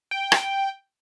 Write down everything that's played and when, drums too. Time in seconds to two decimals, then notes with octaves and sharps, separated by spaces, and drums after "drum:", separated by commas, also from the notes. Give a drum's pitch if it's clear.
0.11 G5
0.32 drum: rim click